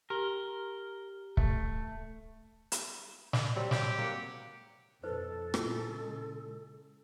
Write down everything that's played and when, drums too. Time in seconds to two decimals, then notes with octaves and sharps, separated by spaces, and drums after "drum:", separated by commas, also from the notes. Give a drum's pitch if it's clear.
0.10 G4 A#4 G7
1.37 A3, drum: kick C#1
2.72 drum: hi-hat
3.33 drum: snare
3.56 F#3 G3 C4
3.71 G4, drum: snare
3.98 A#3 F#5
5.04 F2 B2 D#4 A4 B4 C5
5.54 A#2 C#3 G#3 E4 F4, drum: rim click